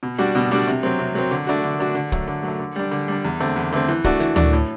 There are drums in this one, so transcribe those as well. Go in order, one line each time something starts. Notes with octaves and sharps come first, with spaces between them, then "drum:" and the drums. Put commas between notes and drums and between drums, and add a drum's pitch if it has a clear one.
B2
G3 D4 F#4
B2
G3 D4 F#4
C3
F#3 C4
C3
F#3 C4
D3
A3 D4 F#4
D3
A3 D4 F#4
D3
F#3 A3, drum: kick
D3
F#3 A3
D3
G3 D4
D3
G3 D4
E2
D3 A3 C4
E2
D3 A3 C4
E3
A3 D4 F#4, drum: kick
E3, drum: hi-hat
A3 D4 F#4, drum: tom D2
A2